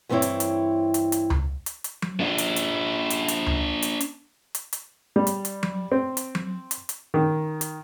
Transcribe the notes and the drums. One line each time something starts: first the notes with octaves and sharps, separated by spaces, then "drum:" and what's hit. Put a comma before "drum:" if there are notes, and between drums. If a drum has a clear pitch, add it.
G2 E3 A#3 C4 E4 C#5
drum: hi-hat
drum: hi-hat
drum: hi-hat
drum: hi-hat
drum: tom C#2
drum: hi-hat
drum: hi-hat
drum: tom F#3
D4 F4
drum: hi-hat
drum: hi-hat
drum: hi-hat
drum: hi-hat
drum: tom C#2
drum: hi-hat
drum: hi-hat
drum: hi-hat
drum: hi-hat
G3
drum: hi-hat
drum: hi-hat
drum: tom F#3
C4
drum: hi-hat
drum: tom F#3
drum: hi-hat
drum: hi-hat
D#3
drum: hi-hat